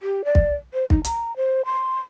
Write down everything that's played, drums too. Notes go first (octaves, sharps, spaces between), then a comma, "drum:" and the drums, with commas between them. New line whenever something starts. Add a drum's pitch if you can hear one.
G4
D5
drum: kick
C5
D#4, drum: kick
A#5, drum: hi-hat
C5
C6